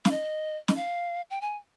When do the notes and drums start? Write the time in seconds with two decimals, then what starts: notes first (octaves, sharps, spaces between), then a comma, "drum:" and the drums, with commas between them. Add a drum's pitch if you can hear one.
0.05 F5, drum: snare
0.11 D#5
0.68 D#5, drum: snare
0.76 F5
1.30 G5
1.41 G#5